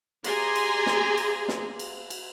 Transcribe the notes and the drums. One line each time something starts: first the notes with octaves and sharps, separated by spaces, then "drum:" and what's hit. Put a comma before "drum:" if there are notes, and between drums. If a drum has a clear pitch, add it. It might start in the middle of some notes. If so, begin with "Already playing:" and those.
G4 G#4 D5 G#5 A#5 C6, drum: cymbal
drum: cymbal
drum: snare
drum: cymbal
drum: snare
drum: cymbal
drum: cymbal